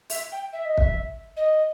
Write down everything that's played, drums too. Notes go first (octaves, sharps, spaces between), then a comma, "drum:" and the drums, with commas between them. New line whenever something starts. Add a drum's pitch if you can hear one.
E5, drum: open hi-hat
G5
E5
D#5
E5, drum: kick
D#5